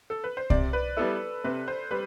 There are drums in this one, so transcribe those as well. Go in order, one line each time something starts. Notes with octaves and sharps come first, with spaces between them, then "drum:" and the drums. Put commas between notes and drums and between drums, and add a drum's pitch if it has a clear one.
A4
B4
C5
C3 D5, drum: kick C2
B4
G3 B3 E4 A4
C3 B4
C5
G3 B4